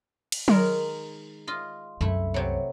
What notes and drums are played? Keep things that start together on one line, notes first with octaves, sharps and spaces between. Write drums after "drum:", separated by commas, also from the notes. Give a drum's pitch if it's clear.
drum: cymbal
D#3 G#3 A#4, drum: tom F#3
F4 D#5
C2 F#2 A3 E4
C3 F#3